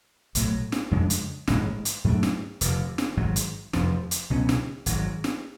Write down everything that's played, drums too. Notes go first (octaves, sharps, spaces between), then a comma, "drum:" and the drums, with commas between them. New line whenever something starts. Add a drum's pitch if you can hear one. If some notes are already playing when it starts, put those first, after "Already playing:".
B1 A2 F#3, drum: hi-hat
drum: snare
F2 C#3 G#3 D4
drum: hi-hat
A1 G#2 G#3, drum: snare
drum: hi-hat
G#2 F#3 A3 D4
drum: snare
F1 F2 D3, drum: hi-hat
drum: snare
G#1 G#2 F#3
drum: hi-hat
F1 F2 F3, drum: snare
drum: hi-hat
C#2 B2 F#3 C#4
drum: snare
G#1 G#2 F#3, drum: hi-hat
drum: snare